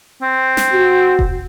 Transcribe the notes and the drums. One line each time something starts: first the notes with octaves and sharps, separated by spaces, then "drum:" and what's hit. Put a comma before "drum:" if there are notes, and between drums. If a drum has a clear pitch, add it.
C4
drum: snare
F#4
drum: kick F1